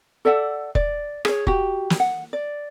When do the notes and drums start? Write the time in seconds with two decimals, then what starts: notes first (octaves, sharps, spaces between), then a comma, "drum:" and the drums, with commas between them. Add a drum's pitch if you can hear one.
0.25 A4 D5 E5 F#5
0.75 D5, drum: kick
1.25 G#4 C#5, drum: rim click
1.47 F#4 G4, drum: kick
1.90 drum: snare
2.00 F#5
2.33 D5